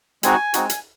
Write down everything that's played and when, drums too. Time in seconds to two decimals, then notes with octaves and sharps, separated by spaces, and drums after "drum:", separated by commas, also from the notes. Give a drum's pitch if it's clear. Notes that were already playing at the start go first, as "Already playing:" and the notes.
0.23 G#3 C4 D#4 F#4 G#5, drum: hi-hat
0.54 G#3 C4 D#4 F#4, drum: hi-hat
0.69 drum: hi-hat